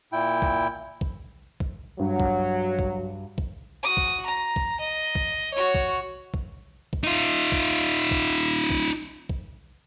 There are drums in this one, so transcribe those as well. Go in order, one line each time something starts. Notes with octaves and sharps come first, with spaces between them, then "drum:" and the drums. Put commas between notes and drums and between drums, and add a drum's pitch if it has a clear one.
A#2 E4 G5
drum: kick
drum: kick
drum: kick
G2 F#3
drum: kick
drum: kick
drum: kick
F#4 D#6
drum: kick
A#5
drum: kick
D#5
drum: kick
F#4 C#5
drum: kick
drum: kick
drum: kick
D#4 F4
drum: kick
drum: kick
drum: kick
drum: kick